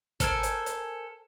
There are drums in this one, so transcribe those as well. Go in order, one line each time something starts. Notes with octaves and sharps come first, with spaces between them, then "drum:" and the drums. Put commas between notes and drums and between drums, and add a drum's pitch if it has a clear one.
A4 A#4 C5 G#5, drum: kick, hi-hat
drum: hi-hat
drum: hi-hat